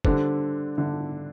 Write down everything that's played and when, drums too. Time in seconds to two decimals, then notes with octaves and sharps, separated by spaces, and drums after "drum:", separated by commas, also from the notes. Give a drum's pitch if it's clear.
0.05 D3 G3 D4 A4 C5, drum: kick
0.78 D3